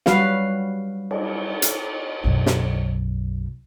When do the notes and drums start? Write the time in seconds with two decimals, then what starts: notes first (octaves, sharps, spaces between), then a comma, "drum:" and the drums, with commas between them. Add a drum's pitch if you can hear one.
0.06 F#3 G3 F#4 B4 F5, drum: snare
1.11 drum: cymbal
1.62 drum: hi-hat
2.24 B1 F#2
2.46 drum: snare